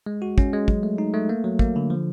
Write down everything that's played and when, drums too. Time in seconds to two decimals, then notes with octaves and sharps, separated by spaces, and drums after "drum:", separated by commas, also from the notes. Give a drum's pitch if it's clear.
0.06 G#3
0.22 F#4
0.38 C#4, drum: kick
0.53 G#3
0.68 F#3, drum: kick
0.83 A3
0.98 D#4
1.14 A3
1.29 A#3
1.44 F#3
1.59 A#3, drum: kick
1.76 D3
1.90 F3